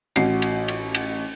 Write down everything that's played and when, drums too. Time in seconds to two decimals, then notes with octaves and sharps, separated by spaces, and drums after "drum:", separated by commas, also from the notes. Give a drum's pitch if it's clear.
0.16 A1 F#4 C7, drum: cymbal
0.42 drum: cymbal
0.68 drum: cymbal
0.95 drum: cymbal